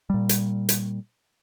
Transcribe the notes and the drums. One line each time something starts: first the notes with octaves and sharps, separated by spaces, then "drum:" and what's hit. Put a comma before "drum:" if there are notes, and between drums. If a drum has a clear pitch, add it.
A#2 G3
drum: hi-hat
drum: hi-hat